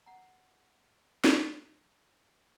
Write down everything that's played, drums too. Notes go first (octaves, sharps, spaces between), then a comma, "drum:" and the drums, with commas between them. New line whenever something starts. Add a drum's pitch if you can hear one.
F#5 A#5
drum: snare